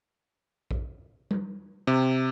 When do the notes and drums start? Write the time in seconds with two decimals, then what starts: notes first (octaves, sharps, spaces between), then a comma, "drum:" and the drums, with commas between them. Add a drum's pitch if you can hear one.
0.71 drum: kick A#1
1.31 drum: tom G3
1.87 C3